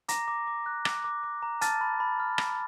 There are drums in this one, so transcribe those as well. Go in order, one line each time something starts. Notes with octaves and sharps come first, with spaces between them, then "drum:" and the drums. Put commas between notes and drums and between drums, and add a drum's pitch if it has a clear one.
A#5 D6 A#6, drum: hi-hat
D6
D6
F#6
D6, drum: rim click
D6
D6
A#5
A5 F6 A6, drum: hi-hat
B5
B5
F6
B5, drum: rim click